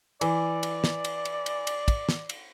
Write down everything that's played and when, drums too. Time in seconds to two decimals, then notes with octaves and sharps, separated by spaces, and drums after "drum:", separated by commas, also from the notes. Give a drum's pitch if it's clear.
0.21 E3 D5, drum: cymbal
0.63 drum: cymbal
0.84 drum: snare
1.04 drum: cymbal
1.25 drum: cymbal
1.46 drum: cymbal
1.67 drum: cymbal
1.88 drum: kick, cymbal
2.09 drum: snare
2.29 drum: cymbal